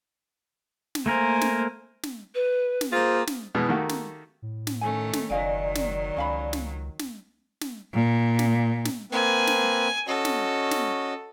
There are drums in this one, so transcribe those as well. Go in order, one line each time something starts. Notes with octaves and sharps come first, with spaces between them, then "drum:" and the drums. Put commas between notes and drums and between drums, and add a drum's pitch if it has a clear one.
drum: snare
A3 A#3 A#4 C5 G#5
drum: snare
drum: snare
B4
drum: snare
A#3 F4 G#4 C5
drum: snare
B2 E3 G#3 B3
D#3 A3 A#3 F#4 G4
drum: snare
A2
drum: snare
D#3 A3 C#4 G#5
drum: snare
F#1 D#3 F#3 D5 D#5 F5 G#5
drum: snare
C#2 C#4 F5 B5
drum: snare
drum: snare
drum: snare
A#2
drum: snare
drum: snare
A#3 C4 B4 G#5
drum: snare
C#4 F#4 A4 D#5
drum: snare
drum: snare